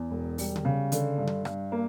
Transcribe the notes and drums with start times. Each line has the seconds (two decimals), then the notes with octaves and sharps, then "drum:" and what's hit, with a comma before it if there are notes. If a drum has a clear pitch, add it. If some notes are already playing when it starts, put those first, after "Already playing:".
Already playing: E2
0.11 E1
0.38 G3, drum: open hi-hat
0.56 drum: tom C#3
0.65 C#3
0.92 D3, drum: hi-hat
1.18 G2
1.27 drum: tom C#3
1.45 G2, drum: rim click
1.72 A#3